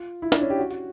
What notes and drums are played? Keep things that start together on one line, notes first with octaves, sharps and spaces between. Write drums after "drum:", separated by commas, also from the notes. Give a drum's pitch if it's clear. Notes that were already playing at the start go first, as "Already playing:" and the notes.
Already playing: F4
E4
D4, drum: snare
C#4
G4
F#4
F#4, drum: tambourine